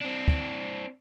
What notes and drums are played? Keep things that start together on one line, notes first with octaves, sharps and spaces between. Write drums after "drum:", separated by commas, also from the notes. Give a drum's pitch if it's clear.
C4 D4
drum: kick